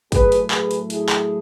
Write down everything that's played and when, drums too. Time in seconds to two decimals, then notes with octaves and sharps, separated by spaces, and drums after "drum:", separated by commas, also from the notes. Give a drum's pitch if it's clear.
0.12 A2 F#3 A3 G#4 B4, drum: kick, hi-hat
0.32 drum: hi-hat
0.51 G#4 B4, drum: clap
0.71 drum: hi-hat
0.90 E4 G#4, drum: hi-hat
1.09 drum: clap